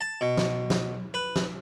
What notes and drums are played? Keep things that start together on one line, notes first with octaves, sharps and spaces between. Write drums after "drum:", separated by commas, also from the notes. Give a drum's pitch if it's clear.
A5
B2
drum: snare
drum: snare
B4
drum: snare